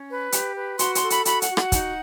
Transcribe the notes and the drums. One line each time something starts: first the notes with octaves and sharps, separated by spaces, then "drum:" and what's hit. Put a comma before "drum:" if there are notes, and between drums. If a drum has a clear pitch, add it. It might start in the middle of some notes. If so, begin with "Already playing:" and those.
Already playing: C#4
B4
G4, drum: hi-hat
B4
F#4 C6, drum: hi-hat
C6, drum: hi-hat
A4
B5, drum: hi-hat
F#4 B5, drum: hi-hat
F#5, drum: hi-hat
F#4
F#5, drum: rim click
D#4, drum: kick, hi-hat